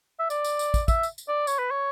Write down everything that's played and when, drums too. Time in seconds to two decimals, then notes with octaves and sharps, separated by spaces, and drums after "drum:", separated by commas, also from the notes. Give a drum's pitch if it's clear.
0.19 E5
0.30 D5, drum: tambourine
0.45 drum: tambourine
0.59 drum: tambourine
0.74 drum: kick, tambourine
0.88 E5, drum: kick, tambourine
1.03 drum: tambourine
1.18 drum: tambourine
1.28 D5
1.47 C#5, drum: tambourine
1.59 B4
1.71 C#5